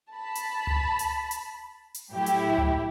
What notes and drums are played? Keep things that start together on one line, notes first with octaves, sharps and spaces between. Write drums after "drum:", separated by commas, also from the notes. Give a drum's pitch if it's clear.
A5 B5
drum: hi-hat
drum: tom C#2
drum: hi-hat
drum: hi-hat
drum: hi-hat
A2 F#3 E4 G4
drum: hi-hat
drum: tom C#2